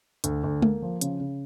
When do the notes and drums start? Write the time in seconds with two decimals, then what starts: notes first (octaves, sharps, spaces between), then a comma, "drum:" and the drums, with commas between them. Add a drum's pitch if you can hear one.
0.24 D2, drum: hi-hat
0.44 D2
0.62 A#3, drum: tom G#3
0.82 F3
1.01 C#3, drum: hi-hat
1.20 C#3